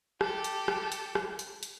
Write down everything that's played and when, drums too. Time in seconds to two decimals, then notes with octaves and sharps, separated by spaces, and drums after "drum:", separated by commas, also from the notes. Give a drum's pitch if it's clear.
0.21 G4 A4, drum: rim click
0.44 drum: hi-hat
0.68 drum: rim click
0.92 drum: hi-hat
1.15 drum: rim click
1.39 drum: hi-hat
1.63 drum: hi-hat